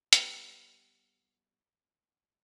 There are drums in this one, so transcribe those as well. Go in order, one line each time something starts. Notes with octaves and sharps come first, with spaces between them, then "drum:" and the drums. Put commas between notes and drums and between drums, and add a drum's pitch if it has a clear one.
G3 B3 G5 A#5, drum: hi-hat